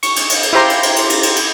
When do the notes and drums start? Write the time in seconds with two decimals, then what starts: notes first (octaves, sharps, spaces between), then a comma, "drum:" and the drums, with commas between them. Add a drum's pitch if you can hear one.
0.03 C#6, drum: cymbal
0.16 drum: cymbal
0.29 drum: cymbal
0.43 drum: cymbal
0.53 E4 F4 G4 C5 A#5 C6
0.70 drum: cymbal
0.83 drum: cymbal
0.96 drum: cymbal
1.10 drum: cymbal
1.23 drum: cymbal
1.36 drum: cymbal